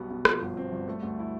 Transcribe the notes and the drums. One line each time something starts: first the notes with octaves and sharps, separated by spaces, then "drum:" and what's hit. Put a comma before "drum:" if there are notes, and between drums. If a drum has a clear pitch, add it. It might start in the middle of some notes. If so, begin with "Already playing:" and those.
Already playing: B1 B2 G3 B3
B2
F3, drum: rim click
G1
C4
G2
A3
D2
E4